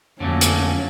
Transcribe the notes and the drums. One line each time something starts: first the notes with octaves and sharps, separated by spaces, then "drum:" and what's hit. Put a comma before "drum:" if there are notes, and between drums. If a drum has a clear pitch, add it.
F2 D3 F#3 A3 A#3 C#4
drum: hi-hat